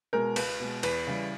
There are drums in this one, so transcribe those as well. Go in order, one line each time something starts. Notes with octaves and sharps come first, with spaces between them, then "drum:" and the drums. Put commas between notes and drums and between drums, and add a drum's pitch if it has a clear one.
B2 G#3 A#4
C#2 B4, drum: cymbal
B2 G#3
E2 B4, drum: cymbal
C#3 E3 G3